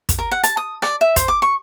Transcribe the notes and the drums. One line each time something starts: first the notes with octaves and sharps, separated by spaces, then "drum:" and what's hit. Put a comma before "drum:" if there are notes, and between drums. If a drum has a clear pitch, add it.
drum: kick, hi-hat
A#4
F#5
A5, drum: hi-hat
D#6
D5, drum: rim click
E5
C5, drum: kick, hi-hat
D6
C#6